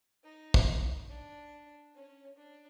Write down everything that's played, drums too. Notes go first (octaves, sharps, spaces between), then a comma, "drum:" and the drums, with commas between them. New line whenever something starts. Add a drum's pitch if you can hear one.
D#4
drum: kick
D4
C#4
D4